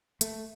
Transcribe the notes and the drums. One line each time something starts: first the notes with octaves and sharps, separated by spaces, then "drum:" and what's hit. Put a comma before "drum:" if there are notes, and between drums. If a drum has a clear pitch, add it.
A3, drum: hi-hat